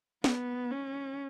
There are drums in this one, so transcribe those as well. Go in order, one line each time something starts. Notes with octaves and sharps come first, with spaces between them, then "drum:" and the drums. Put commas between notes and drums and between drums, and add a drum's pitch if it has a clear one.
B3, drum: snare
C#4